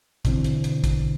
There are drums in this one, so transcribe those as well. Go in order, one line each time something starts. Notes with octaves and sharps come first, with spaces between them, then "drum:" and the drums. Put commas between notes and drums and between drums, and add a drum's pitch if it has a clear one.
B2 D3 E3 C4, drum: kick, hi-hat
drum: hi-hat
drum: hi-hat
drum: kick, hi-hat